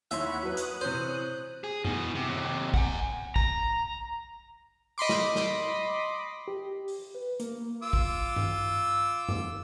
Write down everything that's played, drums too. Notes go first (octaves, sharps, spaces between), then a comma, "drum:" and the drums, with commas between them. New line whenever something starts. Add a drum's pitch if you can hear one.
D#2 E4 C#5 E5 F#5 B5 C6, drum: hi-hat
F#3 B4 D#6 F#6
drum: hi-hat
C3 E3 C#4 C5
G#4
B2 E3, drum: tom F#2
C3
D#2 C3
F#5 G#5, drum: kick
A#5, drum: kick
D#5 B5 C6 D6
drum: snare
drum: snare
G4
drum: open hi-hat
B4
A#3, drum: hi-hat
F4 D6 E6
drum: kick
drum: tom G2
drum: tom F#2